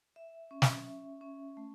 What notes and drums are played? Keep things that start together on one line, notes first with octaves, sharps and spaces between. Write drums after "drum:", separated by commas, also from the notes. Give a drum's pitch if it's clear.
E5
C#4
drum: snare
E5
C#4
A3